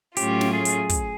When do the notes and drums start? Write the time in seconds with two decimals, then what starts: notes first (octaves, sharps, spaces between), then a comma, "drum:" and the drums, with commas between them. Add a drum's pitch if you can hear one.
0.17 A2 F#3 A3 C#4 F4 G4, drum: hi-hat
0.41 drum: snare
0.53 G#4
0.65 drum: hi-hat
0.89 drum: kick, hi-hat